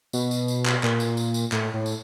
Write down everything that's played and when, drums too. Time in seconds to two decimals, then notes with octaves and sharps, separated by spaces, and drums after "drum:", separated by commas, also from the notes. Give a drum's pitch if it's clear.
0.13 B2, drum: tambourine
0.31 drum: tambourine
0.48 drum: tambourine
0.65 drum: clap
0.83 A#2, drum: clap
1.00 drum: tambourine
1.17 drum: tambourine
1.34 drum: tambourine
1.52 A2, drum: clap
1.74 A2
1.86 drum: tambourine